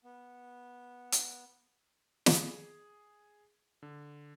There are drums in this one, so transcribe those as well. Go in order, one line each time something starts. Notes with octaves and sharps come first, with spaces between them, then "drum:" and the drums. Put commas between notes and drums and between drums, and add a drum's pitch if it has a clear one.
B3
drum: hi-hat
G#4, drum: snare
D3